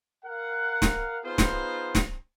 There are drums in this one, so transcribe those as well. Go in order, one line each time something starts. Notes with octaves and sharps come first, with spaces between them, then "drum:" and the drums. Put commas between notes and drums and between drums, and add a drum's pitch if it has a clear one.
A#4 F5 F#5
drum: snare
B3 D#4 F4 G#4 C5
drum: snare
drum: snare